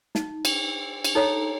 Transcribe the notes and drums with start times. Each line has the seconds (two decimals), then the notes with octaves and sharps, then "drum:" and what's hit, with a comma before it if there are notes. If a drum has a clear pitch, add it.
0.15 D#4, drum: snare
0.45 drum: cymbal
1.05 drum: cymbal
1.15 D#4 A4 C#5 A#5